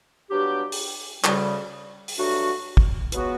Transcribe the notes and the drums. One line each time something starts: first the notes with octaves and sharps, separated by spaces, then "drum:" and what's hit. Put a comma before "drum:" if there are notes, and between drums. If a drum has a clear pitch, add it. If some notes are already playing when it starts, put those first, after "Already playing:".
G2 F#3 B3 D4 G4
drum: open hi-hat
D2 C#3 G3, drum: clap
drum: open hi-hat
G2 F#3 A3 D4 F#4
drum: kick
C#2 B2 F#3 B3 F#4, drum: hi-hat